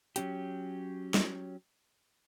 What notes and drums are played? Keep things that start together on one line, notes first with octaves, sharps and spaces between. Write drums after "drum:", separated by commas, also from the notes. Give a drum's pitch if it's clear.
F#3 C#4 G4, drum: hi-hat
drum: snare